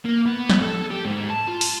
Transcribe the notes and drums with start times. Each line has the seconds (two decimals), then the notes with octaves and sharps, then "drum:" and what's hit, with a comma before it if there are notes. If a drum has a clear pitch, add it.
0.05 A#3
0.26 B3
0.50 drum: snare
0.62 A4
0.91 G4
1.05 G#2
1.30 A5
1.49 F4
1.61 drum: open hi-hat